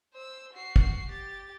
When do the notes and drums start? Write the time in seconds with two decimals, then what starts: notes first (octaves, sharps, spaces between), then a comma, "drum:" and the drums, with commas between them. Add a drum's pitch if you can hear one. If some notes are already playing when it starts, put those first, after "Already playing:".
0.13 C5 E6
0.53 F#4 C7
0.76 drum: kick
1.09 G4 A6